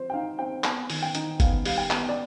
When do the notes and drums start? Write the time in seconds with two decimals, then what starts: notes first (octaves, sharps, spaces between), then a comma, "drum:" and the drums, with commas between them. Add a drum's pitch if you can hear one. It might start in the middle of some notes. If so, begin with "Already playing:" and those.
Already playing: F3 C4 C5
0.10 G5
0.13 D#4 F5
0.39 C4 G5
0.64 B3 G#5, drum: clap
0.90 D#3, drum: open hi-hat
1.02 G5
1.15 D#4, drum: hi-hat
1.40 B3 F5, drum: kick G1, hi-hat
1.65 G3 F5, drum: open hi-hat
1.78 G5
1.90 B3, drum: clap
2.09 D5